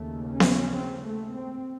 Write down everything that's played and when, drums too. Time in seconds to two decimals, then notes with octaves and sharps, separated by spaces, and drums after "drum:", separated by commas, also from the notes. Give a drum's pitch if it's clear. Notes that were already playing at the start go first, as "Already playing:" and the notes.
Already playing: D#2 C#3 A3
0.30 C#4
0.40 drum: snare B3
0.74 C4
1.04 A3
1.33 C4